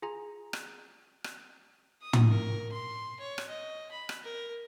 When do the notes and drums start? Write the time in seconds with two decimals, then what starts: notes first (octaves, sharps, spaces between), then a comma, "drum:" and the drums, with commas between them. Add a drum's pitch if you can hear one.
0.02 F4 G#4 G#5 A#5
0.53 drum: rim click
1.24 drum: rim click
2.02 D#6
2.13 drum: tom
2.30 A#4
2.72 C6
3.20 C#5
3.38 drum: rim click
3.49 D#5
3.91 B5
4.09 drum: rim click
4.24 A#4